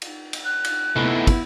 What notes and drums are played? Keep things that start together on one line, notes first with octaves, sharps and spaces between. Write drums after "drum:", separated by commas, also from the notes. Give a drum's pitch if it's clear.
drum: cymbal
drum: cymbal
F#6
drum: cymbal
A3 B3 D#4 E4, drum: tom C3
drum: kick, cymbal